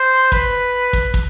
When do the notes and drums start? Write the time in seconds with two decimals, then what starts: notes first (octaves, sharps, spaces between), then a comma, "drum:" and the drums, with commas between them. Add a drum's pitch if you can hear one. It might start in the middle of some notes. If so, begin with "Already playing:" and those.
Already playing: C5
0.32 B4, drum: kick
0.93 drum: kick
1.14 drum: kick